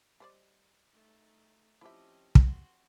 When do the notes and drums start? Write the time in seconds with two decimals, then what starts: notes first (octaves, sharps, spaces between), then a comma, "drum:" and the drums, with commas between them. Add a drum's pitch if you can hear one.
0.20 G3 C5 D5 D#5
0.92 A3 D#4
1.81 F3 C4 C#4 E4 G4 D#5 E5
2.35 F#4 C6, drum: kick